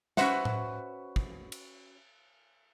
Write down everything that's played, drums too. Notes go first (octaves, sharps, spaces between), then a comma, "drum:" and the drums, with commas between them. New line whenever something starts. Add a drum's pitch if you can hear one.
C#4 F#4 B4 C5 E5 F#5, drum: snare
drum: tom A2
drum: kick
drum: cymbal